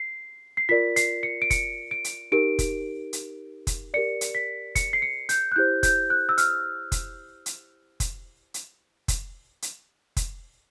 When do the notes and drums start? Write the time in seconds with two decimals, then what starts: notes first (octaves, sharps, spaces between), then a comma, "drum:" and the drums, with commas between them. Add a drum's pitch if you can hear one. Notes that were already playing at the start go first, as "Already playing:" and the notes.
Already playing: C7
0.57 C7
0.69 F4 A#4 D5 B6
0.96 C7, drum: hi-hat
1.23 C#7
1.42 D7
1.50 C#7, drum: kick F1, hi-hat
1.91 D7
2.04 drum: hi-hat
2.32 D#4 G4 A#4 D7
2.59 drum: kick F1, hi-hat
3.13 drum: hi-hat
3.67 drum: kick F1, hi-hat
3.94 G4 A#4 D5 C#7
4.21 drum: hi-hat
4.35 B6
4.75 C#7, drum: kick F1, hi-hat
4.93 C7
5.02 C#7
5.29 G6, drum: hi-hat
5.52 F#6
5.56 E4 G4 C5 G6
5.83 G6, drum: kick F1, hi-hat
6.10 F#6
6.29 E6
6.38 F6, drum: hi-hat
6.92 drum: kick F1, hi-hat
7.46 drum: hi-hat
8.00 drum: kick F1, hi-hat
8.54 drum: hi-hat
9.08 drum: kick F1, hi-hat
9.62 drum: hi-hat
10.17 drum: kick F1, hi-hat